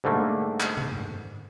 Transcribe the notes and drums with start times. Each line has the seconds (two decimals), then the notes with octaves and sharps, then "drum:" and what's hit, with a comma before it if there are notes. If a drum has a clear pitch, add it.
0.04 G#2 D3 G3 A3 A#3
0.60 drum: clap
0.77 drum: tom
0.92 drum: tom